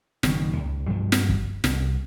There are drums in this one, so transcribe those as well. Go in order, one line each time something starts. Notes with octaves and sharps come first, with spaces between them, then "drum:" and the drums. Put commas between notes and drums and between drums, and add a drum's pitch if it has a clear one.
F#1 B2 D#3, drum: snare
C#2
G2 F3 F#3
drum: snare
drum: kick
C2, drum: snare